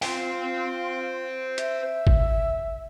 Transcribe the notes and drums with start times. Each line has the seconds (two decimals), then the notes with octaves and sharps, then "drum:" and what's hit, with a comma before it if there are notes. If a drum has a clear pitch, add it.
0.02 F4 C5 G5, drum: open hi-hat
1.58 E5, drum: hi-hat
2.07 drum: kick G#1